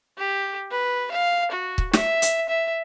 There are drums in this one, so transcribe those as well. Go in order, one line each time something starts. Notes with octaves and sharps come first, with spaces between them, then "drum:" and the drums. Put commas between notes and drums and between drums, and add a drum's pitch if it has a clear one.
G4
B4
F5
F#4
drum: kick
E5, drum: snare
drum: hi-hat
E5